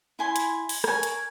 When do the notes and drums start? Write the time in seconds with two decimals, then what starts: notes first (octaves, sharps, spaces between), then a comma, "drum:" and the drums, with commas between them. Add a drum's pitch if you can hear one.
0.19 E4 G#5 C6
0.36 drum: hi-hat
0.69 drum: open hi-hat
0.84 A#4 C#5 G#5, drum: rim click
1.03 drum: hi-hat